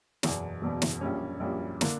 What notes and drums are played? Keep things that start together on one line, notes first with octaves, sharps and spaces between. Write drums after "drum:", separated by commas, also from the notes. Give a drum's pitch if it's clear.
F#1 E2 B2, drum: snare
F#1 E2 B2
drum: snare
A#1 A#2 G3 C#4
A#1 A#2 G3 C#4
D3 A#3 D4, drum: snare